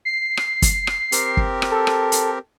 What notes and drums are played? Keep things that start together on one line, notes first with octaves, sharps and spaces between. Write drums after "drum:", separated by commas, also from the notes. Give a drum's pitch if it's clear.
C7
drum: rim click
drum: kick, hi-hat
drum: rim click
C4 G4 A#4, drum: hi-hat
drum: kick
drum: rim click
A4
drum: rim click
drum: hi-hat